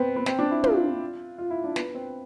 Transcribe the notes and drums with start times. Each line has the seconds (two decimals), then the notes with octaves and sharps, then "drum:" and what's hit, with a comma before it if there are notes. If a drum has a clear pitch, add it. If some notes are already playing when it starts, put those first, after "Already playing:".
Already playing: B3 C4
0.16 B3
0.26 C4, drum: snare
0.39 D4
0.51 E4
0.64 F4, drum: tom
1.38 F4
1.50 E4
1.64 D4
1.76 B3, drum: snare
1.95 C4